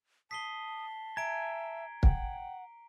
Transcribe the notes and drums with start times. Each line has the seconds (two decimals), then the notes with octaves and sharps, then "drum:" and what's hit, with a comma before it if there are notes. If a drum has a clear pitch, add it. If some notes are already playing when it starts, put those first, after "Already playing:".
0.31 A5 D#6 B6 C7 G7
1.17 E5 G#5 A#5 D7
2.03 F#5 G5, drum: kick